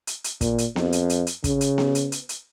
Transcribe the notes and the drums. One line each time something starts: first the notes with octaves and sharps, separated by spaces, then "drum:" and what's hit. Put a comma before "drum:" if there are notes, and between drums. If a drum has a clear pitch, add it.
drum: hi-hat
drum: hi-hat
A#2, drum: kick, hi-hat
drum: hi-hat
F2, drum: snare B3
drum: hi-hat
drum: hi-hat
drum: hi-hat
C#3, drum: kick, hi-hat
drum: hi-hat
drum: snare B3
drum: hi-hat
drum: hi-hat
drum: hi-hat